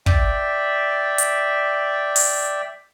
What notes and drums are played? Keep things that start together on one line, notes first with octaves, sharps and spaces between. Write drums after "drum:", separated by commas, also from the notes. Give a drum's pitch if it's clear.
D5 E5 G5, drum: kick
drum: hi-hat
drum: open hi-hat